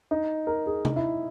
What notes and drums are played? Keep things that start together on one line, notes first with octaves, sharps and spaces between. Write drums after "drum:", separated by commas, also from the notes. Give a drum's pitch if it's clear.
D#4
A#4
G#4
D#4, drum: tom C3
E4